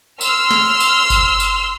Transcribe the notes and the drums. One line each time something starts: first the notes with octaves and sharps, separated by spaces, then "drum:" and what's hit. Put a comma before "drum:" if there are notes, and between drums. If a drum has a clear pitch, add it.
C6 E6 F6, drum: tambourine
drum: snare
drum: tambourine
drum: kick G1, tambourine
drum: tambourine